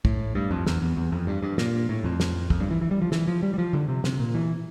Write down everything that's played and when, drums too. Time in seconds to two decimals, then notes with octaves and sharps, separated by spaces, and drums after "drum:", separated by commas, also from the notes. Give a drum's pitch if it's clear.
0.05 A2, drum: kick
0.35 G2
0.51 F2
0.67 E2, drum: snare
0.82 E2
0.97 E2
1.12 F2
1.27 G2
1.42 G2
1.58 A#2, drum: snare
1.89 A2
2.04 F2
2.20 drum: snare
2.50 F2, drum: kick
2.60 G2
2.71 E3
2.81 E3
2.91 G3
3.02 F3
3.12 E3, drum: snare
3.28 F3
3.43 G3
3.54 G3
3.58 F3
3.73 D3
3.88 C3
4.04 C3, drum: snare
4.19 A#2
4.35 E3